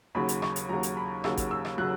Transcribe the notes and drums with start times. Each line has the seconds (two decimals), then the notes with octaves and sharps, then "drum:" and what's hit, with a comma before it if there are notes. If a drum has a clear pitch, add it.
0.15 D#2 C#3 F#3 B5
0.29 drum: hi-hat
0.42 C#6, drum: rim click
0.56 drum: hi-hat
0.69 D#2 C#3 F#3 A#5
0.83 drum: hi-hat
0.97 B5
1.24 D#2 C#3 F#3 E6, drum: rim click
1.37 drum: kick, hi-hat
1.51 E6
1.65 drum: rim click
1.78 C#3 F#3 F#6